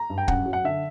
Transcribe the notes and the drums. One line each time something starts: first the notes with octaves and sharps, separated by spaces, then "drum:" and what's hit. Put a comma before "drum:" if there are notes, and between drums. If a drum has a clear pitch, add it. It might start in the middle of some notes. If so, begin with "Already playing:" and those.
Already playing: A#5
G2
G5
F#2 F#5, drum: kick
F#3
F#5
D3 E5